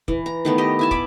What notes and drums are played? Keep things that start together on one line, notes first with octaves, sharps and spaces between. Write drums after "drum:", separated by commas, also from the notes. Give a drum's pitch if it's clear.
E3, drum: kick
A#5
D#3 A3 B3
G4 D#5
E4 G#5 A5
B5 D6, drum: kick